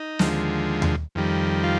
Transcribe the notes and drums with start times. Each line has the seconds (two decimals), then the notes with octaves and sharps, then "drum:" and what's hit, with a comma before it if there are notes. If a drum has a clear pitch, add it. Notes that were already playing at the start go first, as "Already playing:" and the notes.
Already playing: D#4
0.19 D#2 D3 F3 G#3, drum: snare
0.82 drum: tom D#2
1.15 F2 D#3 G3
1.64 F4